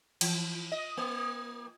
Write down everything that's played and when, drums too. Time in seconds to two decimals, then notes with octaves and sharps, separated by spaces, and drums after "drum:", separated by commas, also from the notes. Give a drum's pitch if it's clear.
0.21 E3, drum: cymbal
0.72 D#5
0.97 A#3